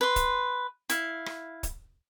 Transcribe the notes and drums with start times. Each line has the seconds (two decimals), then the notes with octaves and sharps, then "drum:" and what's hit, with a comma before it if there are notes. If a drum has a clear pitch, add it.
0.01 B4 C6
0.16 drum: kick, hi-hat
0.90 E4 F5, drum: hi-hat
1.26 drum: rim click
1.63 drum: kick, hi-hat